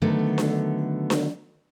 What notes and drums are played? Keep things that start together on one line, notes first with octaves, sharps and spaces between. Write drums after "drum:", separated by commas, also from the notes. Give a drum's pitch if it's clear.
D3 D#3 F#3 A3 B3 A4
drum: snare D4
drum: snare D4